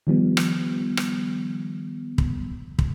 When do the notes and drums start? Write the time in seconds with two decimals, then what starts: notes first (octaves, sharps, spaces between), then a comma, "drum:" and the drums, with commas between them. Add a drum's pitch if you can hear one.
0.07 D#3 F3 G3 B3
0.37 drum: rim click
0.97 drum: rim click
2.18 drum: kick
2.79 drum: kick